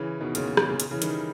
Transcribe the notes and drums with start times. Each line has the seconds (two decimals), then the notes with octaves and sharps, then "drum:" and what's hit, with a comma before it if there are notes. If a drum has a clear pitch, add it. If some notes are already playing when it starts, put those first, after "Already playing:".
Already playing: C#3 E3
0.20 B2 D#3
0.35 A#2 C#3, drum: hi-hat
0.47 A#2
0.57 B2, drum: rim click
0.68 A#2 C#3
0.80 drum: hi-hat
0.91 C#3 E3
1.02 D#3 G3, drum: hi-hat